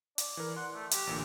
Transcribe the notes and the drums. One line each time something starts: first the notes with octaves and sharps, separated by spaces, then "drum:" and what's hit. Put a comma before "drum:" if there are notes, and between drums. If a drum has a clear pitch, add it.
D5, drum: hi-hat
E3 A#4
F#5 C6
A3
G4, drum: hi-hat
A1 A#2 D3